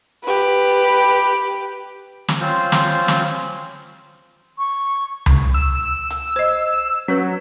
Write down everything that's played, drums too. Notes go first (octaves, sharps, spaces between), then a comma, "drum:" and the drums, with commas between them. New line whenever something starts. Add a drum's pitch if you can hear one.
G4 B4
drum: snare
C4 C#4 F4 C5
drum: snare
drum: snare
C#6
drum: tom C#2
E6
drum: hi-hat
C5 D#5
F#3 C#4 B4